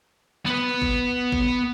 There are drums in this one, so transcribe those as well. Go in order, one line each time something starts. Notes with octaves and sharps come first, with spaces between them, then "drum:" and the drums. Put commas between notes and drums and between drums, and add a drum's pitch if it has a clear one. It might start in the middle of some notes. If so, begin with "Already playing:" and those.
B3 B4
drum: kick G#1
drum: kick G#1